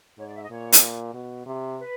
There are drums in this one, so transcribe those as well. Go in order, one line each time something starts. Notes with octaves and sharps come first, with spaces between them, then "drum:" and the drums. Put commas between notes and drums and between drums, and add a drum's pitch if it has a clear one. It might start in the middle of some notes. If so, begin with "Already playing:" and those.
G#2 C#5
D5
E5
D#5
A#2 C#5
drum: hi-hat
B2
C3
B4